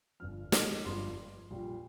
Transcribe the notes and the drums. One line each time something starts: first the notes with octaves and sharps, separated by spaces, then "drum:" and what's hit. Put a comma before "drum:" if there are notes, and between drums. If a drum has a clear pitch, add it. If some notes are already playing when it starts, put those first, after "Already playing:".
G1 G2 F3 F6
D6, drum: snare
G1 G2 F3 C6
A#1 A#2 G3